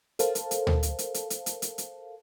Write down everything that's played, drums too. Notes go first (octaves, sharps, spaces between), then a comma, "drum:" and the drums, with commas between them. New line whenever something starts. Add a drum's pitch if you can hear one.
A4 A#4 C5 F5 A5, drum: hi-hat
drum: hi-hat
drum: hi-hat
drum: tom D2
drum: hi-hat
drum: hi-hat
drum: hi-hat
drum: hi-hat
drum: hi-hat
drum: hi-hat
drum: hi-hat